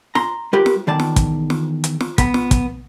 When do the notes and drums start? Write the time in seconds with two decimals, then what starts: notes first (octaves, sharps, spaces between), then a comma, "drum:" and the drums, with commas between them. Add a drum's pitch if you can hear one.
0.15 A#5 C6, drum: snare
0.53 G3 F4 G4 A#4 B4
0.66 drum: snare
0.87 E2 D#3 D5 A5
1.00 drum: snare
1.16 drum: kick, hi-hat
1.50 drum: snare
1.84 drum: hi-hat
2.01 drum: snare
2.18 B3 B5, drum: kick, hi-hat
2.34 drum: snare
2.51 drum: kick, hi-hat